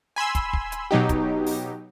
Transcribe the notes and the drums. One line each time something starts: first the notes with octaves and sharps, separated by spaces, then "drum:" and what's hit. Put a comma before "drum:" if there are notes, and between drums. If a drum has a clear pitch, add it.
G#5 B5 C6 E6
drum: kick, hi-hat
drum: kick
drum: hi-hat
B2 F#3 D#4 G4
drum: kick, hi-hat
drum: open hi-hat